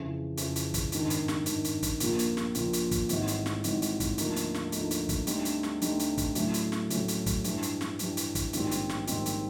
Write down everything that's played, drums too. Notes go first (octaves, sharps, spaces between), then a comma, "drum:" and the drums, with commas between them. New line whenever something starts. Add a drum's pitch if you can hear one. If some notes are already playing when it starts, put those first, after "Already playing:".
Already playing: F2 C#3 E3
F2 C#3 E3, drum: hi-hat
drum: hi-hat
drum: kick, hi-hat
G#1 G2 D#3, drum: hi-hat
drum: hi-hat
drum: snare
G#1 G2 D#3, drum: hi-hat
drum: hi-hat
drum: kick, hi-hat
A#1 A#2 F3 A#3, drum: hi-hat
drum: hi-hat
drum: snare
A#1 A#2 F3 A#3, drum: hi-hat
drum: hi-hat
drum: kick, hi-hat
G#1 G#2 E3 G3, drum: hi-hat
drum: hi-hat
drum: snare
G#1 G#2 E3 G3, drum: hi-hat
drum: hi-hat
drum: kick, hi-hat
D2 D3 F3 A#3 D#4, drum: hi-hat
drum: hi-hat
drum: snare
D2 D3 F3 A#3 D#4, drum: hi-hat
drum: hi-hat
drum: kick, hi-hat
D2 D3 G3 C4 D#4, drum: hi-hat
drum: hi-hat
drum: snare
D2 D3 G3 C4 D#4, drum: hi-hat
drum: hi-hat
drum: kick, hi-hat
A2 F#3 A3 C#4 E4, drum: hi-hat
drum: hi-hat
drum: snare
A2 F#3 A3 C#4 E4, drum: hi-hat
drum: hi-hat
drum: kick, hi-hat
G2 E3 G3, drum: hi-hat
drum: hi-hat
drum: snare
G2 E3 G3, drum: hi-hat
drum: hi-hat
drum: kick, hi-hat
A#1 G#2 D#3 G3 C4, drum: hi-hat
drum: hi-hat
drum: snare
A#1 G#2 D#3 G3 C4, drum: hi-hat
drum: hi-hat